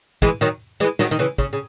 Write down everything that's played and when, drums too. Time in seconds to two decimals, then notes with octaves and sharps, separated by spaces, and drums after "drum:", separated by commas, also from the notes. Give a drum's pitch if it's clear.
0.22 E3 G#3, drum: kick
0.41 D#3 F#3
0.80 E3 G#3
0.99 D#3 F#3, drum: snare
1.11 D#3
1.19 C#3 E3
1.38 C#3, drum: kick
1.53 C#3